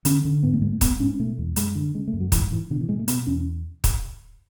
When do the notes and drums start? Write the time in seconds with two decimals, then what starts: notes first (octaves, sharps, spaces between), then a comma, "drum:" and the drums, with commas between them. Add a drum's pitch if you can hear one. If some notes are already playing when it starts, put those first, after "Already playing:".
0.05 D3 C#4, drum: hi-hat
0.25 D3
0.43 G#2 B3
0.53 A3
0.62 G#2 G#3
0.72 A3
0.81 G#2 B3, drum: kick, hi-hat
1.00 G#2 C#4
1.19 B2 A3
1.38 E2
1.56 F#2 G#3, drum: hi-hat
1.75 D3
1.95 C#3 G#3
2.08 A3
2.13 F#2
2.20 F#3
2.32 G#2 E3, drum: kick, hi-hat
2.51 G#2 E3
2.70 B2 D3
2.80 E3
2.89 B2 G#3
2.99 A3
3.08 B2 B3, drum: hi-hat
3.27 E2 C#4
3.84 drum: kick, hi-hat